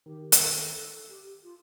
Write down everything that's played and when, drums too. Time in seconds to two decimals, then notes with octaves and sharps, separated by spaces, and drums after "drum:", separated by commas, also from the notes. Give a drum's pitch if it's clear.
0.06 D#3 G4
0.32 A#4, drum: hi-hat
0.40 A4
0.74 A4
1.09 G4
1.43 F4